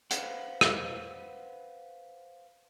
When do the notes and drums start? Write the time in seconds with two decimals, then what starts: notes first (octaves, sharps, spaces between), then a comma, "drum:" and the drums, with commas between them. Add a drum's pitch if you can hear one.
0.11 B4 C5 F5 F#5, drum: hi-hat
0.61 drum: rim click